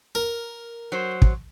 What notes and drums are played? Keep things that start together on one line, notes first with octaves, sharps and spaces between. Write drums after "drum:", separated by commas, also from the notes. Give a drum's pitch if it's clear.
A#4
F#3 C5
drum: kick